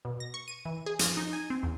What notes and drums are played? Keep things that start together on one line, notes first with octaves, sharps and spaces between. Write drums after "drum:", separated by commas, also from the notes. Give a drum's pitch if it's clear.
B2
A#6
C#6
D#7
E3
G#4
F3, drum: hi-hat
D#4
G#5
C4
E2